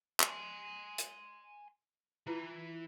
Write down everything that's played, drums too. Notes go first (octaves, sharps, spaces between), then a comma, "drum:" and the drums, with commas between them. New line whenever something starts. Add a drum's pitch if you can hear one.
G#5 C6, drum: clap
drum: hi-hat
E3 E4 F4 B4